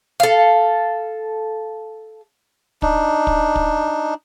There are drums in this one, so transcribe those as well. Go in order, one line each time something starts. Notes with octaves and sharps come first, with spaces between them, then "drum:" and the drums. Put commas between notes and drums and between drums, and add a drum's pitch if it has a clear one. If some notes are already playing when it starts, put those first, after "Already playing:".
A4 F5
D4 D#4, drum: kick
drum: kick
drum: kick